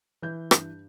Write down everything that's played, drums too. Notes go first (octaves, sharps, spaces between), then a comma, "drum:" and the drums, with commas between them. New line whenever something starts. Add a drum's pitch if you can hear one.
E3 G6
G2, drum: rim click